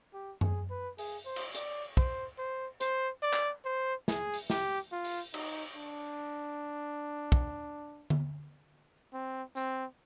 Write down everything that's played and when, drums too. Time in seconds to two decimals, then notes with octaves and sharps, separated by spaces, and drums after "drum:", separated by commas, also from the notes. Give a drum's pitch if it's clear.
0.13 G4
0.41 G#4, drum: tom F#2
0.70 B4
0.98 G#4, drum: open hi-hat
1.26 C5
1.36 drum: cymbal
1.55 D5, drum: hi-hat
1.97 C5, drum: kick
2.38 C5
2.81 C5, drum: hi-hat
3.22 D5
3.33 drum: clap
3.65 C5
4.08 G#4, drum: snare
4.34 drum: open hi-hat
4.50 G4, drum: snare
4.92 F4
5.04 drum: open hi-hat
5.34 D#4, drum: cymbal
5.76 D4
7.32 drum: kick
8.10 drum: tom D3
9.13 C4
9.56 C4, drum: tambourine